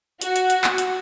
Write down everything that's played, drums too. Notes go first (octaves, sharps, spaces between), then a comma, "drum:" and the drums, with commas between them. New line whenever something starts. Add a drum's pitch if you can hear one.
F#4, drum: hi-hat
drum: hi-hat
drum: hi-hat
drum: clap
drum: hi-hat